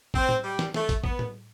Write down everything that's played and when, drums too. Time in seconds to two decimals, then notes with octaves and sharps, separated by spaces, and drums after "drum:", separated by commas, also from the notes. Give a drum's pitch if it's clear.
0.14 C4, drum: kick
0.29 drum: tom A2
0.44 G3
0.59 drum: snare
0.74 A3, drum: snare
0.89 drum: kick, hi-hat
1.04 B3, drum: kick
1.19 drum: tom A2